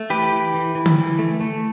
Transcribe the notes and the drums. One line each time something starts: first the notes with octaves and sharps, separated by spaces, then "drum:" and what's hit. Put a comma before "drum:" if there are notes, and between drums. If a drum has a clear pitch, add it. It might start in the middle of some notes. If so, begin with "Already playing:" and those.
Already playing: A3
E3 G4 B4
E3
E3
E3
drum: tom D3
E3
A3
A3